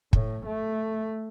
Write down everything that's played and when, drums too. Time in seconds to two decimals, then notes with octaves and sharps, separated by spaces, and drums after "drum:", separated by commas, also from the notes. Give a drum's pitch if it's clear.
0.13 A2, drum: kick
0.46 A3